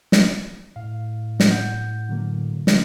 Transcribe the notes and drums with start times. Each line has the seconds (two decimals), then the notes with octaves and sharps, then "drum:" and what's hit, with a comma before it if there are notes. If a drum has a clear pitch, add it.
0.12 drum: snare
0.76 A2 F5
1.40 drum: snare
1.51 F#5 G6
2.09 D3 F#3 A#3
2.67 drum: snare